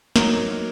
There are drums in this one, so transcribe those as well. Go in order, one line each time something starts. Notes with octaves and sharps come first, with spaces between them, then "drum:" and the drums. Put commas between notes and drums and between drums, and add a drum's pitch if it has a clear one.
F#3 A#3 D#4, drum: snare